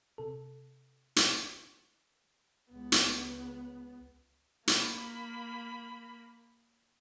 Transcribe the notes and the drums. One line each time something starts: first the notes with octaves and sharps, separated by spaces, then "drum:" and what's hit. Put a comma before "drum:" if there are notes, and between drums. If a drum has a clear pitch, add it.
C3 A4
drum: hi-hat
C#2 B3
drum: hi-hat
A#3 B5, drum: hi-hat